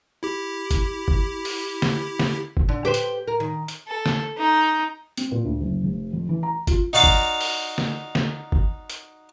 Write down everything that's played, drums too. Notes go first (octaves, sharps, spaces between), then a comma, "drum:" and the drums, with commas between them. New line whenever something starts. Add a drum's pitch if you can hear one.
E4 G4
drum: kick G1, hi-hat
drum: kick G1
drum: open hi-hat
drum: snare
drum: snare
drum: kick G1
D3
G4 B4 C5
drum: hi-hat
A#4
D#3
drum: hi-hat
A4
drum: snare
D#4
C4, drum: hi-hat
A#2
D2
F#1
F1
F2
E3
A#5
F4, drum: kick G1, hi-hat
D#4 F#4 D5 F5 A#5 D6
drum: kick G1
drum: open hi-hat
drum: snare
drum: snare
drum: kick G1
drum: hi-hat